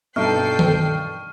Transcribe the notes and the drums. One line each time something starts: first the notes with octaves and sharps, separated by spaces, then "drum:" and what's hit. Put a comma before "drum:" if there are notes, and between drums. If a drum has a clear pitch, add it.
G2 B2 D#4 A4 G5 C#6 F6 C7
drum: tom D#3